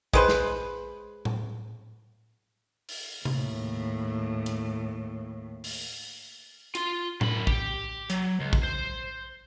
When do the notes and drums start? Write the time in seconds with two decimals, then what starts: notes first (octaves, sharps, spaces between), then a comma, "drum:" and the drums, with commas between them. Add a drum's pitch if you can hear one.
0.13 G#3 B4 C5, drum: kick A#1
0.28 drum: snare
1.25 drum: tom A2
2.89 drum: open hi-hat
3.25 D#2 A2, drum: tom C3
4.46 drum: hi-hat
5.64 drum: open hi-hat
6.75 F4 C6, drum: hi-hat
7.21 F#2 B5, drum: tom A2
7.47 G4, drum: kick A#1
8.10 F#3, drum: hi-hat
8.40 C#2
8.53 drum: kick A#1
8.63 C5